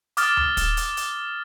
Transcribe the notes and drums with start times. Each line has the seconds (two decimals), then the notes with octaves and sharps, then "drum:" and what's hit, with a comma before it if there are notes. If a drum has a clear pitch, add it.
0.17 D6 D#6 F6 A6, drum: hi-hat
0.37 drum: tom C#2
0.57 drum: kick, hi-hat
0.77 drum: hi-hat
0.97 drum: hi-hat